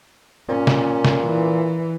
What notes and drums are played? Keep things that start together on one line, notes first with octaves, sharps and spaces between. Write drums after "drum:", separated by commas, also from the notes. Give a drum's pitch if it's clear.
A#2 C#4
drum: snare
drum: snare
E3